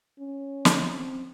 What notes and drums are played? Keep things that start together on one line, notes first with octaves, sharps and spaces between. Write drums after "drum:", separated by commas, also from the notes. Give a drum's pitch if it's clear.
C#4
drum: snare
C4